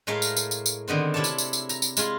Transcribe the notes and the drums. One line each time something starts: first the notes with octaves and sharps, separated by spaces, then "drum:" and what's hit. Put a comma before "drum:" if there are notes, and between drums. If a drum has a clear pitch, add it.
A2 G#3 A3 A#4 F5
drum: tambourine
drum: tambourine
drum: tambourine
drum: tambourine
D3 D#3 B3 C4
C3 E4 C#5 D5 A5
drum: tambourine
drum: tambourine
drum: tambourine
A#5, drum: tambourine
drum: tambourine
G#3 E4 F4, drum: tambourine